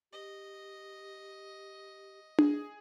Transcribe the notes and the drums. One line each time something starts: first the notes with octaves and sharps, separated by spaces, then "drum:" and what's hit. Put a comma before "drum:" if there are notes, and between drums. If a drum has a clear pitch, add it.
G4 D#5
G#4, drum: tom D4